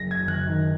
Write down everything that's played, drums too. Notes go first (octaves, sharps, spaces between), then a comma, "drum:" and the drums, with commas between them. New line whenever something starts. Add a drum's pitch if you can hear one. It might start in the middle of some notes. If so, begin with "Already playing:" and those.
Already playing: F#1 A#6
G#6
F#2
F#6, drum: tom C#3
D#3